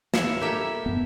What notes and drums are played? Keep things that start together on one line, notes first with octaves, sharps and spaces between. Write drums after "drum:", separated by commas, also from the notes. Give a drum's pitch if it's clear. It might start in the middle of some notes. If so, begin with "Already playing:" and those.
D#4 E4 C#5, drum: snare
G4 A4 A#4 E5 G5
G2 B3